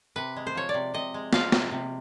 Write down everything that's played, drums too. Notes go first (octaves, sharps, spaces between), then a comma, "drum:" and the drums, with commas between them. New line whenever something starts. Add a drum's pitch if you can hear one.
C3 B4
G#3
C5
F3 C#5
D5
C3
C3 D#5
G#3
F3 F5, drum: snare
C3, drum: snare
C3